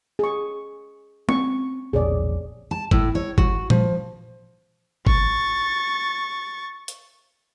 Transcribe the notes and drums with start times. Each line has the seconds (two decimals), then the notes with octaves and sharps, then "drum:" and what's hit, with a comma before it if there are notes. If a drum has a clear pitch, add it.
0.19 G#4 C#6
1.29 C4 C#4 C#6, drum: tom
1.93 E1 A#1 G#4 C#5 D5
2.71 A5
2.91 A2, drum: kick
3.15 C#5
3.38 F#4, drum: kick
3.70 F3, drum: tom A#2
5.07 C#6 A6, drum: kick
6.88 drum: hi-hat